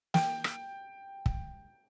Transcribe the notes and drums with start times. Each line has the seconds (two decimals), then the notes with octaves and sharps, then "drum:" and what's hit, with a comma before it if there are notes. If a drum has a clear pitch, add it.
0.14 G5, drum: snare
0.44 drum: rim click
1.26 drum: kick